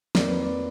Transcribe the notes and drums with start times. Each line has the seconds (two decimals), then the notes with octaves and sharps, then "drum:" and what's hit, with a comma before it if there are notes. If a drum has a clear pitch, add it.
0.15 F2 D#3 A#3 D5, drum: snare
0.29 B4
0.42 D5